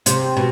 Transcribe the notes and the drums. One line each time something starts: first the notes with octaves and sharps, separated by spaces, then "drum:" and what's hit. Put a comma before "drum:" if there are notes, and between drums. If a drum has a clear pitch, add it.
C3, drum: hi-hat
B2